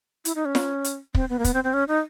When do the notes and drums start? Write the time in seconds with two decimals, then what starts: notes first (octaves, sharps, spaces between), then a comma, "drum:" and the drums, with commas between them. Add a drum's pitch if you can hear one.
0.25 E4, drum: hi-hat
0.35 D#4
0.45 C#4
0.55 drum: snare
0.84 drum: hi-hat
1.15 C4, drum: kick
1.30 B3
1.39 A#3
1.44 B3, drum: kick, hi-hat
1.54 C4
1.64 C4
1.74 C#4
1.88 D#4